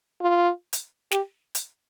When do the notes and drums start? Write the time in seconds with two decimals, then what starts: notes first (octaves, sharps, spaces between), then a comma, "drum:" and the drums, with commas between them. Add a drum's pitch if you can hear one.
0.21 F4
0.73 drum: hi-hat
1.11 G4, drum: snare
1.55 drum: hi-hat